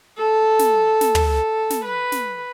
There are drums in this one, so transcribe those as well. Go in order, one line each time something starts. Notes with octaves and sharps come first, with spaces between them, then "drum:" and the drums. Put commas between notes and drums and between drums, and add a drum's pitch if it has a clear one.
A4
drum: snare
drum: snare
drum: tom
A4
drum: snare
B4
drum: snare